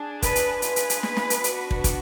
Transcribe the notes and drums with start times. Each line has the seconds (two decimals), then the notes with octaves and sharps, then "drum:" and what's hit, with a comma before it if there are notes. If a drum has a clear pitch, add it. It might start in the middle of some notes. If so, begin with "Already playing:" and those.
Already playing: D4 G#4
0.22 B4, drum: kick, hi-hat
0.36 drum: hi-hat
0.62 D4 F4 G#4 B4, drum: hi-hat
0.76 drum: hi-hat
0.90 drum: hi-hat
1.03 drum: snare
1.17 drum: snare
1.30 drum: hi-hat
1.44 B3 D4 F#4, drum: hi-hat
1.71 drum: kick
1.84 drum: kick, hi-hat